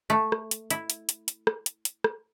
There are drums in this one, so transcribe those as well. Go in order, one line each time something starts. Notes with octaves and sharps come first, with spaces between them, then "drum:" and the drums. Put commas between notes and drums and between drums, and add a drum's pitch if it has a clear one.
A3
drum: rim click
drum: hi-hat
E4, drum: hi-hat
drum: hi-hat
drum: hi-hat
drum: hi-hat
drum: rim click
drum: hi-hat
drum: hi-hat
drum: rim click